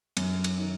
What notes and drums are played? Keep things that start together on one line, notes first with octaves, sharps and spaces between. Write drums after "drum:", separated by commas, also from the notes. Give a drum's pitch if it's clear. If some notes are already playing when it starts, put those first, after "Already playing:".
F#2, drum: cymbal
drum: cymbal
D#3